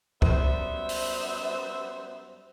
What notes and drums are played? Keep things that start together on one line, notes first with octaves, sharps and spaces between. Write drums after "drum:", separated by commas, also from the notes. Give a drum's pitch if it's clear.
F#2 G3 B3 C5 E5, drum: kick
drum: open hi-hat